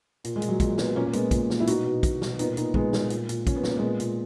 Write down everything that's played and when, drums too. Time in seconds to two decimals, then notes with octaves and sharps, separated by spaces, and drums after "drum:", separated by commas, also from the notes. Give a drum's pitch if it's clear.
0.24 A#2, drum: hi-hat
0.36 G#3
0.42 A#2, drum: hi-hat
0.48 F#3
0.60 A#2 G#3, drum: kick, hi-hat
0.78 A#2 G#3 B3, drum: snare
0.95 A#2 A#3 C#4
1.06 A#3
1.13 A#2 G#3 B3, drum: hi-hat
1.31 A#2, drum: kick, hi-hat
1.50 A#2, drum: snare
1.60 E4
1.67 B2 D#4 F#4, drum: hi-hat
1.85 B2
2.03 B2, drum: kick, hi-hat
2.22 B2, drum: snare
2.39 A#2 B3 D#4, drum: hi-hat
2.57 A#2 B3 D#4, drum: hi-hat
2.74 A#2 G#3 B3, drum: kick
2.93 A#2, drum: snare
3.10 A#2, drum: hi-hat
3.29 A#2, drum: hi-hat
3.47 A#2 C#4, drum: kick, hi-hat
3.56 B3
3.63 A#2 A#3, drum: snare
3.77 A#2 G#3 B3
4.00 A#2, drum: hi-hat